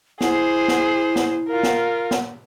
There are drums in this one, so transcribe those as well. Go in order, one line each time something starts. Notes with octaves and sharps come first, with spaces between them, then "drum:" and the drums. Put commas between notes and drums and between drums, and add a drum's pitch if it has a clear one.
E4 G#4 C5, drum: snare
drum: snare
drum: snare
F4 A#4
drum: snare
drum: snare